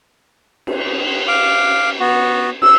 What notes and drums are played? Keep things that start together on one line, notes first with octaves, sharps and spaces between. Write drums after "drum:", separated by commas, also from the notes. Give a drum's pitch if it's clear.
drum: cymbal
F5 D6
B3 F#4
E6, drum: cymbal